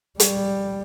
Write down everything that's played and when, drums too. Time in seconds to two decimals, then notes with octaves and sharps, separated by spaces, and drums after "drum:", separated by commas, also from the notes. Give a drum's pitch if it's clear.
0.20 G3, drum: hi-hat